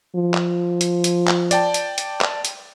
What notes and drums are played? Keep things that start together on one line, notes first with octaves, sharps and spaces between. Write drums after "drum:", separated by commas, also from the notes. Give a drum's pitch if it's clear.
F3
drum: clap
drum: hi-hat
drum: hi-hat
drum: clap
D5 G5 A5, drum: hi-hat
drum: hi-hat
drum: hi-hat
drum: clap
drum: hi-hat